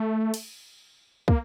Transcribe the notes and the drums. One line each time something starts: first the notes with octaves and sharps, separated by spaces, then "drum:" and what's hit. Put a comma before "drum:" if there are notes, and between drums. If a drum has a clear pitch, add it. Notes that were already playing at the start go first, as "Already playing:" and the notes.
Already playing: A3
drum: cymbal
A#3, drum: kick